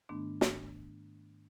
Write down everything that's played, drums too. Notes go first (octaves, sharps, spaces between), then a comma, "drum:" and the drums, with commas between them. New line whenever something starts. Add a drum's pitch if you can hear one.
G#2 D#3 A3 B3 D4
drum: snare